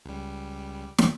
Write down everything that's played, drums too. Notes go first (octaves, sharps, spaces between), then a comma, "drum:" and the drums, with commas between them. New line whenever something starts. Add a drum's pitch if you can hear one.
C#2 G3
drum: snare